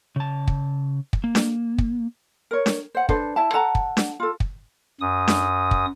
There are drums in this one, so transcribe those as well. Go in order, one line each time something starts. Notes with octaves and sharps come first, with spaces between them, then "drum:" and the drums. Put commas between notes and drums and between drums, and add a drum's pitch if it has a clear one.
C#3 A5
drum: kick
drum: kick
A#3
drum: snare D4
drum: kick
A#4 C#5
drum: snare D4
C5 F#5
D4 A4 B4 C5, drum: kick
E4 E5 A5
A4 F#5 A5 A#5
drum: kick
drum: snare D4
F4 A4
drum: kick
F#2 D#6
drum: snare D4
drum: kick